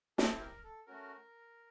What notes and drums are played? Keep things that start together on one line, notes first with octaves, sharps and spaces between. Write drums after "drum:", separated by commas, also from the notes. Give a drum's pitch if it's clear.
C4 E4 G4 A4, drum: snare
A#4
A4
A3 C#4 F#4 A#4